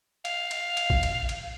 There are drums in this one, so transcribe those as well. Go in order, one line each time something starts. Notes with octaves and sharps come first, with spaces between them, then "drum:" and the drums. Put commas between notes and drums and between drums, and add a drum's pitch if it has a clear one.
F5, drum: cymbal
drum: cymbal
drum: cymbal
drum: kick A1
drum: cymbal
drum: cymbal